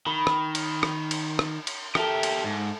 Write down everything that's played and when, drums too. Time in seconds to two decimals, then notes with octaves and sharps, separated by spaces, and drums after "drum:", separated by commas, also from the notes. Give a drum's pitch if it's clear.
0.06 D#3 B5
0.27 drum: rim click
0.55 drum: cymbal
0.83 drum: rim click
1.11 drum: cymbal
1.39 drum: rim click
1.67 drum: cymbal
1.95 G4 A4 A#4 E5, drum: rim click
2.23 drum: cymbal
2.44 G#2